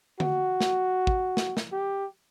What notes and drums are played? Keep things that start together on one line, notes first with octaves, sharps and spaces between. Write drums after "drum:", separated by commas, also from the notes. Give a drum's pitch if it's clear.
F#4, drum: tom D3
drum: snare
drum: kick
drum: snare
drum: snare
G4